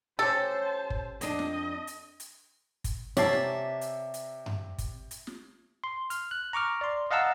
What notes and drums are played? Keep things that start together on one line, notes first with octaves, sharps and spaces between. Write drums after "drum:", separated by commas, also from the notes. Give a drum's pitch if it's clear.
C#4 G4 A4 C5 A5
drum: kick
F2 D4 D#5, drum: hi-hat
drum: snare
drum: hi-hat
drum: hi-hat
drum: kick, hi-hat
C3 C#5 D5 E5 A5 A#5 E6 C7, drum: hi-hat
drum: snare
drum: hi-hat
drum: hi-hat
drum: tom F#2
drum: kick, hi-hat
drum: hi-hat
drum: snare
C6
F6, drum: hi-hat
F#6
A#5 C#6 D6 F6
D5 C6
D#5 F5 F#5 A5 A#5 E6